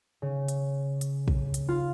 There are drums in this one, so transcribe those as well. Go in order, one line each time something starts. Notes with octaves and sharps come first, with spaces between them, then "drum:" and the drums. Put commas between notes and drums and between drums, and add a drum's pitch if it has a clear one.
C#3
drum: hi-hat
drum: hi-hat
drum: kick
drum: hi-hat
F4